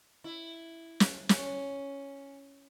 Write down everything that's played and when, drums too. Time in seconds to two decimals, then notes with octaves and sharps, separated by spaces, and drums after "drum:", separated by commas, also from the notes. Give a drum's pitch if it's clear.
0.24 E4
1.00 drum: snare
1.29 C#4, drum: snare